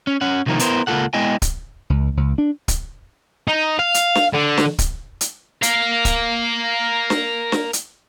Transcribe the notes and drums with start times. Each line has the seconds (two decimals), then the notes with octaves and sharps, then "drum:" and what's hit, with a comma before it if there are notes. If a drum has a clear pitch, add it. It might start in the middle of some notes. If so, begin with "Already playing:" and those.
0.07 C#4
0.21 C#4 F#5
0.46 C2 D#3 F3 A#3 D#4
0.59 B3 E4 A#4 C5, drum: hi-hat
0.87 C#2 A#3 F4 F#4 A4 F#5
1.13 G#3 B3 E4 D#5 G5 G#5
1.42 drum: kick D1, hi-hat
1.90 C#2
2.17 C#2
2.38 D4
2.68 drum: kick D1, hi-hat
3.48 D#4
3.79 F5
3.94 drum: hi-hat
4.15 drum: snare
4.33 D3
4.57 drum: snare
4.79 drum: kick D1, hi-hat
5.21 drum: hi-hat
5.63 A#4 F5, drum: hi-hat
6.05 drum: kick D1, hi-hat
7.10 drum: snare
7.52 drum: snare
7.73 drum: hi-hat